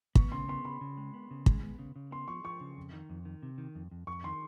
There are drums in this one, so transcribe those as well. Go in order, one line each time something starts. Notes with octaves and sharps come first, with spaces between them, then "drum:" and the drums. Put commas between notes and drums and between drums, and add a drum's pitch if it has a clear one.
B3 C#6, drum: kick
C#3 C6
B3 C6
C#3 B5
C#3
G#3
B3
C#3
G#3, drum: kick
B3
C#3
C#3
B3 C6
F3 C#6
F3 C#6
C#3
F2
D#3
F2
D#3
C3
D#3
F2
F2
F2 C#6
D#3 C6